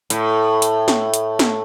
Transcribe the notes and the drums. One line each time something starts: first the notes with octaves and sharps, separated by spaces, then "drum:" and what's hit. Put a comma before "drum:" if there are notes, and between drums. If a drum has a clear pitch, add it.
A2, drum: hi-hat
drum: hi-hat
drum: snare
drum: hi-hat
drum: snare